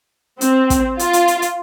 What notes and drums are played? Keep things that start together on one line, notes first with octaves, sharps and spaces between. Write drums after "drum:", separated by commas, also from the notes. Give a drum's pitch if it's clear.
C4, drum: hi-hat
drum: kick, hi-hat
F4, drum: hi-hat
drum: hi-hat
drum: hi-hat
drum: hi-hat